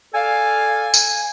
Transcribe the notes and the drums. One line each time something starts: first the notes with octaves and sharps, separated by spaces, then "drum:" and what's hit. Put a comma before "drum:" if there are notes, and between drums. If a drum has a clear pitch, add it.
A4 D5 F5 G#5
drum: tambourine